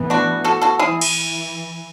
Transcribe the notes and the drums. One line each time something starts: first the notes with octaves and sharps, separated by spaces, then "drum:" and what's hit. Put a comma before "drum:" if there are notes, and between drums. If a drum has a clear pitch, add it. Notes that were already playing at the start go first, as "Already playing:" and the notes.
Already playing: A2 E3 B3
D4 F#4
F#4 A4
F#4 A4
E3 E4 G#4
drum: cymbal